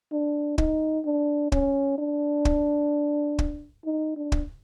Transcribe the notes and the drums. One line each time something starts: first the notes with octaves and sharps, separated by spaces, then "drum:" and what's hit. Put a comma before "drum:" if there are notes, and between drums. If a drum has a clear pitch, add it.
D4
D#4, drum: kick
D4
C#4, drum: kick
D4
drum: kick
drum: kick
D#4
D4
drum: kick